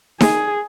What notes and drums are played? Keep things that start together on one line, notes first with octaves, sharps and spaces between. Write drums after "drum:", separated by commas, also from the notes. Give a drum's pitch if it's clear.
G#4, drum: snare D#4